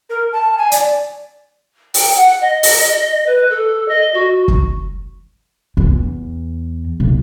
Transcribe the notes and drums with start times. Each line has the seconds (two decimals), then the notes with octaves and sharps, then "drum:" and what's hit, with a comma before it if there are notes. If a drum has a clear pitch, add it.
0.10 A#4
0.33 A5
0.58 G#5
0.72 D5, drum: hi-hat
1.94 G5, drum: open hi-hat
2.16 F#5
2.41 D#5
2.63 drum: open hi-hat
3.26 B4
3.49 A4
3.88 D#5
4.14 F#4
4.48 drum: kick
5.77 E2
7.00 B1